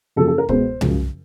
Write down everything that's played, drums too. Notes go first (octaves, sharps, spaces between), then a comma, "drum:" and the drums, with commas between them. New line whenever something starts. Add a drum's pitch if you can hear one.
F#2 C#3 F3 A#3 A4
A4
A#4
B2 G#3 B3 C5, drum: kick
F#2 C#3 F3 G#3, drum: tom C2